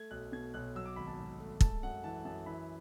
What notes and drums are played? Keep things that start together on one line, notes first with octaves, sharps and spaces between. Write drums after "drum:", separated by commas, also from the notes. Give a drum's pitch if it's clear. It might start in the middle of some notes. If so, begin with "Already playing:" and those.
Already playing: A3 G#6
B1 F#6
B2 G#6
B1 F#6
F#3 E6
D6
G#1 B5
A5
G#2
A3
G#3 A5, drum: kick
F#2 F#5
E3 A5
F#2 A5
E3 B5